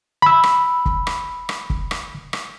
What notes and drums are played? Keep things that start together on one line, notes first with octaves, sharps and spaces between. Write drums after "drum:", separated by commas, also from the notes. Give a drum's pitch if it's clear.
B5 E6
drum: rim click
drum: kick
drum: rim click
drum: rim click
drum: kick
drum: rim click
drum: rim click